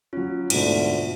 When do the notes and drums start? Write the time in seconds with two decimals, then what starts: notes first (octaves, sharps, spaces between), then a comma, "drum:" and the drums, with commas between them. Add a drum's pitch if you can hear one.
0.13 F#3 C#4 F4
0.50 D2 G#2 B2, drum: cymbal